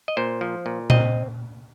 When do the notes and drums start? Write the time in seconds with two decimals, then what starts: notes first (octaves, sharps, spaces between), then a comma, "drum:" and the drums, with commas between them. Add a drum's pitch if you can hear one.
0.08 D#5
0.17 A#2 C5
0.41 F3
0.66 A#2
0.90 C4 D#5, drum: tom A#2